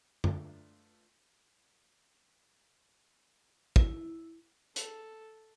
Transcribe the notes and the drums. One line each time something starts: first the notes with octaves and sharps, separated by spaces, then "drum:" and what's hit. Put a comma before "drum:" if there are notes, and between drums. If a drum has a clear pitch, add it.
A3 D4 F4 B4, drum: tom F#2
E4, drum: kick
A4, drum: hi-hat